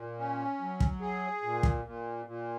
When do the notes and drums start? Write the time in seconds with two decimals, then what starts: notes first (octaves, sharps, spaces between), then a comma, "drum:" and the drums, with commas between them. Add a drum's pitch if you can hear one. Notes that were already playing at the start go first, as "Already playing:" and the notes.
Already playing: A#2
0.18 C#4
0.60 F#3
0.80 drum: kick
1.01 G#4
1.43 A#2
1.63 drum: kick
1.84 A#2
2.25 A#2